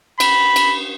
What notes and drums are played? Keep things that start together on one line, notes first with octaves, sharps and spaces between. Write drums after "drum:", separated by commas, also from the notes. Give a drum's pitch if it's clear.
B5, drum: cymbal
drum: cymbal